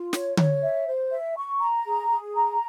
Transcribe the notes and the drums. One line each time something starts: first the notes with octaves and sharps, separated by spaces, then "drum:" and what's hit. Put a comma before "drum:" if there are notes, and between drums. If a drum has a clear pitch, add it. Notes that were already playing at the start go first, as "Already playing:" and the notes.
Already playing: F4
C#5, drum: snare
C#5, drum: tom D3
E5
C5
E5
C#6
A#5
G#4
G#4
A#5